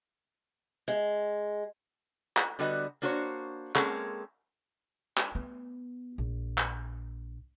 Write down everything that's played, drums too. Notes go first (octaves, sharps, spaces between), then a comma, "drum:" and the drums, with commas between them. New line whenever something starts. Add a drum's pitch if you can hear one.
G#3
drum: clap
D3 G3 B3 F#4 B4 D#5
A#3 D4 F#4 C5 C#5
G#3 A#3 C4 C#4 G#4 A4, drum: clap
drum: clap
B3
A#1
drum: clap